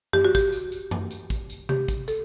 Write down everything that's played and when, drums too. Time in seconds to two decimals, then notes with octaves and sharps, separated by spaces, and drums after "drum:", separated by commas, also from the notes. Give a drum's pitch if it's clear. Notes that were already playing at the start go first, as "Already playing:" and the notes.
0.13 G4, drum: tom F#2
0.25 F#4
0.35 G4, drum: kick, tambourine
0.52 drum: tambourine
0.72 drum: tambourine
0.91 drum: tom F#2
1.11 drum: tambourine
1.30 drum: kick, tambourine
1.50 drum: tambourine
1.69 G4, drum: tom C3
1.88 drum: kick, tambourine
2.08 A4, drum: tambourine